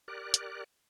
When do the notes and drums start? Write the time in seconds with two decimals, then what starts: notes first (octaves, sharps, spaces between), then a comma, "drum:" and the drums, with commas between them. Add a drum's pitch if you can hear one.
0.08 G4 A#4 D5 F#6
0.34 drum: hi-hat